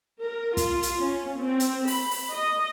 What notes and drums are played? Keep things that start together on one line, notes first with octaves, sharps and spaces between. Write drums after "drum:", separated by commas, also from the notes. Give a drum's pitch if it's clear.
A#4
F4, drum: kick, hi-hat
drum: hi-hat
C#4
C4
drum: hi-hat
B5, drum: open hi-hat
drum: open hi-hat
D#5